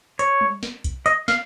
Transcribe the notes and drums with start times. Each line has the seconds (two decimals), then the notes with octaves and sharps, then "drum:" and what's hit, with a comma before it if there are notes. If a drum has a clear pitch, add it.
0.19 C#5, drum: hi-hat
0.41 drum: tom G3
0.63 drum: snare
0.84 drum: kick B1, hi-hat
1.06 D#5, drum: hi-hat
1.28 F5, drum: snare